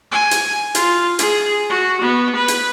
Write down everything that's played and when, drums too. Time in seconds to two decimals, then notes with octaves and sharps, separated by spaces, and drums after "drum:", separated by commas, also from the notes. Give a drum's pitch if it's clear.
0.12 G#5
0.31 drum: hi-hat
0.75 F4, drum: hi-hat
1.19 G#4, drum: hi-hat
1.70 F#4
2.01 B3
2.36 B4
2.48 drum: hi-hat